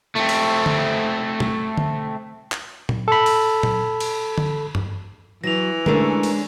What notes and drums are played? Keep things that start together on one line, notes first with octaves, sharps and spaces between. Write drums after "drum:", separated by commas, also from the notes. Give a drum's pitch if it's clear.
A3 C4
drum: cymbal
drum: tom D3
drum: tom
drum: tom D3
drum: clap
drum: tom A#2
A4 B5
drum: cymbal
drum: tom A#2
drum: cymbal
drum: tom D3
drum: tom G2
E3 F#3 A#6 F7
G#3 A3 C#4 D4 A#4, drum: tom D3
drum: cymbal